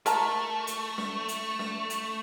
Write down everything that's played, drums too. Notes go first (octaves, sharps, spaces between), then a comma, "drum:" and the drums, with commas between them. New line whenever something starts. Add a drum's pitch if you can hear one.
A3 A#4 A5 A#5, drum: hi-hat
drum: hi-hat
drum: snare
drum: hi-hat
drum: snare
drum: hi-hat